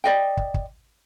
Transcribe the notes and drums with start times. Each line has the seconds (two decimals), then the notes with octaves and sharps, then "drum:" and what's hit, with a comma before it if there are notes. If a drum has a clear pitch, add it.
0.04 D5 D#5 G5
0.37 drum: kick
0.54 drum: kick